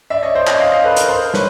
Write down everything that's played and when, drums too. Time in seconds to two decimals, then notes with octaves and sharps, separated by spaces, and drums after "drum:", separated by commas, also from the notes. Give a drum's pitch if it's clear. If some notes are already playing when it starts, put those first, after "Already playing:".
0.10 D5 E5
0.23 C#5 D#5
0.35 C5 D5
0.47 C#5 D#5, drum: clap
0.60 D#5 F5
0.72 D#5 F5
0.84 A4 B4
0.96 A#4, drum: hi-hat
1.08 A#4 C5
1.34 B4 C#5, drum: snare